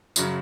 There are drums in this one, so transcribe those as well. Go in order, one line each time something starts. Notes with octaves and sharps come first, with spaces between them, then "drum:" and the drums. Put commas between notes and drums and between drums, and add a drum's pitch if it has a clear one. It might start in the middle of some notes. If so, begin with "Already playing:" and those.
F#2 C#3 F#3, drum: tambourine